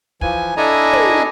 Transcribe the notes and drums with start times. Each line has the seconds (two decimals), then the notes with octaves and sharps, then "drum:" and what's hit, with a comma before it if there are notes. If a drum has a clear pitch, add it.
0.21 E3 F3 G#5, drum: kick
0.57 D4 E4 A4 D#5 G#5 A#5
0.93 drum: tom